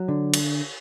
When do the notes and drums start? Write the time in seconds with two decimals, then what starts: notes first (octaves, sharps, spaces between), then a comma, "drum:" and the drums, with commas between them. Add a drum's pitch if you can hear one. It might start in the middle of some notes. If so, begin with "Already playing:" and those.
Already playing: F#3
0.08 D3
0.34 drum: cymbal